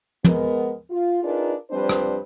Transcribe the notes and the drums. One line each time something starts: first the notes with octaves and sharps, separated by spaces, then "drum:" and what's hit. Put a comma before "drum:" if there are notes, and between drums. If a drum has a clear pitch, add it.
G#3 B3 A#4, drum: tom
F4
D4 D#4 F4 G#4 A#4 B4
F3 G3 C4 D4 B4 C5
drum: rim click